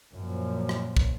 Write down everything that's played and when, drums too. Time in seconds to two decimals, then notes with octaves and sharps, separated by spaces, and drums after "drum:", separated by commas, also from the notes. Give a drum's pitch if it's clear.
0.15 F#2 A#2 F3
0.69 drum: rim click
0.97 drum: kick